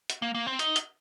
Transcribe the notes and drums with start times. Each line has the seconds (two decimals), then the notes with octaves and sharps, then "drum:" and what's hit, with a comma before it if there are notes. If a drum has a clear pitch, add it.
0.10 drum: hi-hat
0.22 A#3
0.35 A#3
0.47 C4
0.59 D#4, drum: hi-hat
0.76 drum: hi-hat